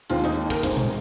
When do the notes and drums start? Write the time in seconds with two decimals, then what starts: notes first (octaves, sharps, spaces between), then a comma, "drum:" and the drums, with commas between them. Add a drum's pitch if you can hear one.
0.10 D#2 D#3 G#3 C4 F4, drum: hi-hat
0.24 D#4, drum: hi-hat
0.50 A#4, drum: kick, hi-hat
0.63 G#1 G#2 G#3 C5, drum: kick, hi-hat
0.77 drum: tom A#2